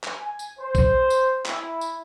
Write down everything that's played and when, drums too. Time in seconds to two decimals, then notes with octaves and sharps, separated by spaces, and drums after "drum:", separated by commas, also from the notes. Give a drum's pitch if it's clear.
0.04 drum: clap
0.16 G#5
0.39 drum: tambourine
0.57 C5
0.75 drum: kick A1, tambourine
1.10 drum: tambourine
1.46 E4, drum: clap
1.81 drum: tambourine